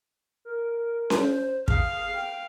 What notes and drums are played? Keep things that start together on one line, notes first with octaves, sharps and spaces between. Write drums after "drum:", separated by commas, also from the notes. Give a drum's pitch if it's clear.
A#4
drum: snare C#4
C5
G#4 F5, drum: kick
G5